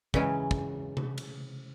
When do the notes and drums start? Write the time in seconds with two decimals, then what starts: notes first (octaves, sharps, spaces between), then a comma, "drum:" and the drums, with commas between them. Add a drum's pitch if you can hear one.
0.14 C#3 E3 F#3 G#3 C#4, drum: kick
0.51 drum: kick
0.97 drum: tom C3
1.18 drum: cymbal